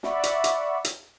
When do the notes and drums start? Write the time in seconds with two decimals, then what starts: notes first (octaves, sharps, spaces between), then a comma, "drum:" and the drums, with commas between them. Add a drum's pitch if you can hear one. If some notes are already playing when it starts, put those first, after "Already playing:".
0.03 D5 E5 F#5 B5 C#6, drum: snare
0.23 drum: hi-hat
0.44 drum: hi-hat
0.84 drum: hi-hat